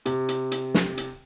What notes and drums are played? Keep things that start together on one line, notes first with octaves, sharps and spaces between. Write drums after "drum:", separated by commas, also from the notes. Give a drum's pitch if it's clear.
C3, drum: hi-hat
drum: hi-hat
drum: hi-hat
drum: snare
drum: hi-hat